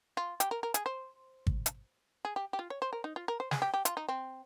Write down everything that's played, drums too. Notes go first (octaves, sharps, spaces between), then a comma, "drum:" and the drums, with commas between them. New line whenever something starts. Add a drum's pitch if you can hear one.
F4
G4, drum: hi-hat
A#4
A#4
G#4, drum: hi-hat
C5
drum: kick
drum: hi-hat
G#4
G4
G4
F4
C#5
C5
A#4
D#4
F4
A#4
C5
G#4, drum: snare
G4
G4
F4, drum: hi-hat
D#4
C4